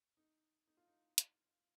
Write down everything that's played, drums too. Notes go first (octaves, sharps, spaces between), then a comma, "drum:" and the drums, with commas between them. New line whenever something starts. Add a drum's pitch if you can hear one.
D#4
D#4
F4
D#4
drum: hi-hat